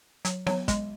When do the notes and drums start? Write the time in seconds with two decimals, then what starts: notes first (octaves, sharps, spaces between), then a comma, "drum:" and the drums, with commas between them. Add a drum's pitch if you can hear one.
0.25 F#3, drum: hi-hat
0.47 F#3, drum: snare B3
0.68 G#3, drum: kick, hi-hat